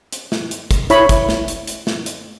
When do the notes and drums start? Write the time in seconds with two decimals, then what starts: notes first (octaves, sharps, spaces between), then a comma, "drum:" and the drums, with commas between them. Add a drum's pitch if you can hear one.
0.12 drum: hi-hat
0.32 drum: snare
0.51 drum: hi-hat
0.71 drum: kick, hi-hat
0.90 E4 C#5 B5, drum: hi-hat
1.09 drum: kick, hi-hat
1.29 drum: snare
1.48 drum: hi-hat
1.67 drum: hi-hat
1.87 drum: snare
2.06 drum: hi-hat